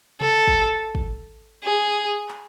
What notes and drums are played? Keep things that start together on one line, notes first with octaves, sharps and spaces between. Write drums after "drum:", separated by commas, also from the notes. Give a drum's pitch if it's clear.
A4, drum: tom C3
drum: kick
drum: kick
G#4
drum: clap